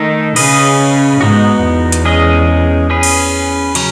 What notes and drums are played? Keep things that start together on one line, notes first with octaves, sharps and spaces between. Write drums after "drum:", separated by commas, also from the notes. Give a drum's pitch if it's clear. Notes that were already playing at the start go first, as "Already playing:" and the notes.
Already playing: D#3 A3 D#4 A4
C#3 C#4 G#4 B4 D#5, drum: cymbal
G#2 B3 D#4 F#4
E2
drum: hi-hat
G#3 C#4 G#4 D#5
C#4 G#4 B4
drum: cymbal
C#3 F#3 C#4, drum: cymbal